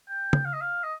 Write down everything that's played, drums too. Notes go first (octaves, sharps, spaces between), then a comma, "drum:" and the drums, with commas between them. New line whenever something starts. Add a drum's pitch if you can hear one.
G5
drum: tom
F5
D#5
F5
D#5